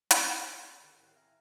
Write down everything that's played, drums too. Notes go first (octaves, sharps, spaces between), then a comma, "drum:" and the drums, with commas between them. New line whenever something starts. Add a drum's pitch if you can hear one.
G3 D4 F4, drum: hi-hat
G3 B3 C#4 F4 A4
C#2 D3 D#3 F4 C6
C2 A2 D#3 C4 F#5 G5
E5 F5 G5 G#5 A#5